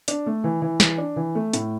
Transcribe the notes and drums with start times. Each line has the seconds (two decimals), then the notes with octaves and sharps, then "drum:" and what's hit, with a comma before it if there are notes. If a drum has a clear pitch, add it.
0.08 D4, drum: hi-hat
0.26 A3
0.44 E3
0.62 E3
0.80 E3, drum: snare
0.98 D4
1.16 E3
1.35 A3
1.53 A2, drum: hi-hat